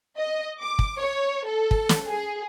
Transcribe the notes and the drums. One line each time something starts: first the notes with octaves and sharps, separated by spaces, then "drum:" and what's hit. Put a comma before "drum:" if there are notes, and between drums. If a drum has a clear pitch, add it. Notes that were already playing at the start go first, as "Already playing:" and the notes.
D#5
D6
drum: kick
C#5
A4
drum: kick
drum: snare
G#4